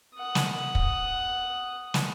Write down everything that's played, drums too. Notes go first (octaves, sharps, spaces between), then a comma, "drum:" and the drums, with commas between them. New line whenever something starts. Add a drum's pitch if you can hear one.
F#5 D#6
drum: snare
drum: kick
drum: snare